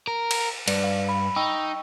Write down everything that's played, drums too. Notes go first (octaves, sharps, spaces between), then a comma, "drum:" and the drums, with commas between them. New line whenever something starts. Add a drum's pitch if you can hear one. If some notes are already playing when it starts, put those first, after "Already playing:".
A#4
drum: cymbal
G2 B4 D5, drum: cymbal
F5
B5
D#4 G5 C#6 E6